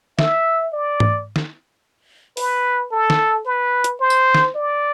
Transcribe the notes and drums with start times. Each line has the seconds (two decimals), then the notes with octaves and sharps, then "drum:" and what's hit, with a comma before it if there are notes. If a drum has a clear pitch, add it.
0.19 E5, drum: snare
0.73 D5
1.00 drum: tom G#2
1.36 drum: snare
2.37 B4, drum: open hi-hat
2.92 A4
3.10 drum: snare
3.46 B4
3.84 drum: hi-hat
4.00 C5
4.10 drum: tambourine
4.34 drum: snare
4.55 D5